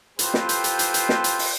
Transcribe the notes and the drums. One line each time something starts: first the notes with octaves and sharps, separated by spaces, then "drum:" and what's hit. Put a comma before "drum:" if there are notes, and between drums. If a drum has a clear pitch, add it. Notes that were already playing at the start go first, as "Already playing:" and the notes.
F4 G4 A4 B4 C5 G5, drum: hi-hat
drum: snare
drum: hi-hat
drum: hi-hat
drum: hi-hat
drum: hi-hat
drum: snare
drum: hi-hat
drum: open hi-hat